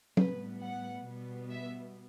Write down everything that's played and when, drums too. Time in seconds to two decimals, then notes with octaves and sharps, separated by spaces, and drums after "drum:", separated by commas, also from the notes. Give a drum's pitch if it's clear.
0.17 A2 G3 B3 B4, drum: tom
0.62 F#5
1.06 B2 G3 B3
1.51 E5